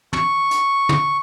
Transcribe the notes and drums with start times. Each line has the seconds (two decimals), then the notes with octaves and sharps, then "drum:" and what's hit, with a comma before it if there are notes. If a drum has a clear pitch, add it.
0.13 C#6, drum: tom
0.51 drum: hi-hat
0.89 drum: tom